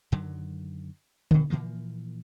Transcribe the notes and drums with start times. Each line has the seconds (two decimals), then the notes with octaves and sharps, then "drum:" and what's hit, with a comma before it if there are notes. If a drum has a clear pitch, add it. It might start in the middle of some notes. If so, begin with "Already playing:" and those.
0.12 F#2 D3 D#3 F#3
1.31 D#1 B2, drum: tom D3
1.50 A#2 E3 F3 A#3